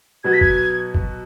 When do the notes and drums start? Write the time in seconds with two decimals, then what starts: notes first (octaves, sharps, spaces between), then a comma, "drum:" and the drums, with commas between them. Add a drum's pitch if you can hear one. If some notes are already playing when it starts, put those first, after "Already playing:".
0.24 B2 F#3 B3 F#4 G#6
0.33 B6
0.41 G#6, drum: kick F#1
0.94 drum: kick F#1